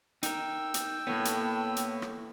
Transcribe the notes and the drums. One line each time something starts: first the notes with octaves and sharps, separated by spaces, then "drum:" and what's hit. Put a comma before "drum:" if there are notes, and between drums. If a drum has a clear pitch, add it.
D#4 A#4 G5 E6, drum: hi-hat
drum: hi-hat
A2 A#3 B3
drum: hi-hat
drum: hi-hat
drum: rim click